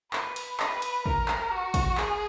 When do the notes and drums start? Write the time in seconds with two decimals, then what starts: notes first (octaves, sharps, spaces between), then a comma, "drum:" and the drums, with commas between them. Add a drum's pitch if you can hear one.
0.13 B4, drum: clap
0.36 drum: cymbal
0.60 B4, drum: clap
0.82 drum: cymbal
1.06 A#4, drum: kick
1.28 drum: clap
1.51 F#4
1.74 drum: kick, cymbal
1.97 G#4, drum: clap